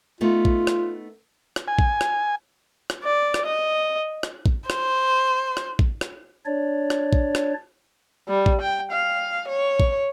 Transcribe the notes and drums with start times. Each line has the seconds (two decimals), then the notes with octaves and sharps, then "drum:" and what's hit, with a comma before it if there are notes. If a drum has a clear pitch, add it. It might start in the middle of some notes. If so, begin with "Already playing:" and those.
0.21 A3 B3 D#4 F4
0.45 drum: kick
0.67 drum: rim click
1.56 drum: rim click
1.68 G#5
1.79 drum: kick
2.01 drum: rim click
2.90 drum: rim click
3.04 D5
3.34 drum: rim click
3.45 D#5
4.23 drum: rim click
4.46 drum: kick
4.70 C5, drum: rim click
5.57 drum: rim click
5.79 drum: kick
6.01 drum: rim click
6.46 D4 C#5 D5
6.90 drum: rim click
7.13 drum: kick
7.35 drum: rim click
8.28 G3
8.46 drum: kick
8.62 G5
8.92 F5
9.48 C#5
9.80 drum: kick